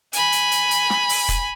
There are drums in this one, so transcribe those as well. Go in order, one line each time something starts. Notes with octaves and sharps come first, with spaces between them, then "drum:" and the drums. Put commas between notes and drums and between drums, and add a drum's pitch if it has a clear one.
G#5 B5, drum: hi-hat
drum: hi-hat
drum: hi-hat
drum: hi-hat
drum: snare
drum: open hi-hat
drum: kick, hi-hat